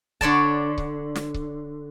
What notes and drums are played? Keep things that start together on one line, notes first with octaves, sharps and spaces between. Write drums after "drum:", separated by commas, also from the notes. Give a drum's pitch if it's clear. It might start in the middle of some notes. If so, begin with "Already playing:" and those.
D3 C#5 D5 A5, drum: kick C#1
drum: kick C#1
drum: snare
drum: kick C#1